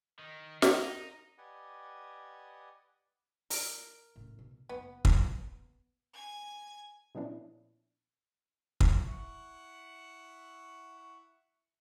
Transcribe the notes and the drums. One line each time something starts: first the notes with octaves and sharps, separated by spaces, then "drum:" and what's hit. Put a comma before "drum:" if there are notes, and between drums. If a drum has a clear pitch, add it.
D#3
D#4, drum: snare
G4 B4 D5 D#5 F#5 G#5
A#4, drum: open hi-hat
A2 C#4
B2
F#1 B3
drum: kick
G#5 G#6
A#2 F3 B3 C#4 D4 E4
drum: kick
E4 F#5 C#6